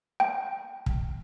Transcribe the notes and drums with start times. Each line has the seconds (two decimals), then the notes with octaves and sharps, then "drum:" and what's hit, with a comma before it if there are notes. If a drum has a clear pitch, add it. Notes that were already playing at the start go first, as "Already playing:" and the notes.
0.20 G5
0.86 drum: kick